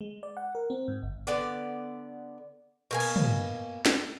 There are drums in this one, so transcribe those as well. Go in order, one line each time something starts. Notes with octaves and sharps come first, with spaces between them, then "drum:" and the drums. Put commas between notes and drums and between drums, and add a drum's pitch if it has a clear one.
G#3
D5
F#5
A#4
C4
G#2
G1
D3 B3 D5
B2 A#3 G#5
drum: cymbal
drum: tom
drum: snare